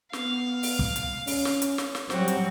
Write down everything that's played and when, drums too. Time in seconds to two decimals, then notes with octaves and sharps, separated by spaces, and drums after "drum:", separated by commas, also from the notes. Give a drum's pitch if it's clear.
0.13 B3 F5, drum: snare
0.63 drum: open hi-hat
0.79 drum: kick
0.96 drum: hi-hat
1.27 C#4, drum: open hi-hat
1.45 drum: snare
1.62 drum: hi-hat
1.78 drum: snare
1.95 drum: snare
2.10 F#3 G3 C4 F#4 C5, drum: snare
2.28 drum: hi-hat